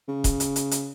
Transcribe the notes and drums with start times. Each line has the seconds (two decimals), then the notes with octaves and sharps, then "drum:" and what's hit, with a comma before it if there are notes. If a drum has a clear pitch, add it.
0.08 C#3
0.24 drum: kick D#1, hi-hat
0.40 drum: hi-hat
0.56 drum: hi-hat
0.71 drum: hi-hat